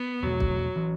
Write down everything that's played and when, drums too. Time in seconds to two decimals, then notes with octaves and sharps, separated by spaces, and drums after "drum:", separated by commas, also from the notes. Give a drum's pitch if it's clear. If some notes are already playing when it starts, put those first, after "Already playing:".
Already playing: B3
0.22 E2 B2 F#3 A3
0.40 drum: kick
0.76 E3 C#4